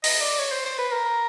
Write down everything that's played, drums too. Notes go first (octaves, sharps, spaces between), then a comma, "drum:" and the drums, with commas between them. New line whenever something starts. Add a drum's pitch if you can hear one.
D#5, drum: open hi-hat
D5
C#5
C5
C5
B4
A#4